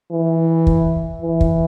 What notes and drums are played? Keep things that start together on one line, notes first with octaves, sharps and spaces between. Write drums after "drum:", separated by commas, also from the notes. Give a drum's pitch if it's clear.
E3
drum: kick
E3
drum: kick